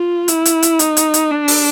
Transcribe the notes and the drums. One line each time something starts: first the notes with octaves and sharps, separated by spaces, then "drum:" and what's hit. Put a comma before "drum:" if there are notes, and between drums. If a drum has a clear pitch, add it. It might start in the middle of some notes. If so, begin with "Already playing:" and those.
Already playing: F4
E4, drum: hi-hat
drum: hi-hat
drum: hi-hat
D#4, drum: hi-hat
drum: hi-hat
drum: hi-hat
D4
drum: open hi-hat